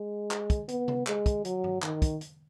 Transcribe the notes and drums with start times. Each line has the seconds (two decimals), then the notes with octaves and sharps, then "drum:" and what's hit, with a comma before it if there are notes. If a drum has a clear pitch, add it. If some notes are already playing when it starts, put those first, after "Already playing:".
Already playing: G#3
0.31 drum: clap
0.50 drum: kick, hi-hat
0.68 B3, drum: hi-hat
0.88 drum: tom C3
1.07 G#3, drum: clap
1.26 drum: kick, hi-hat
1.45 F#3, drum: hi-hat
1.64 drum: tom G2
1.82 D#3, drum: clap
2.02 drum: kick, hi-hat
2.21 drum: hi-hat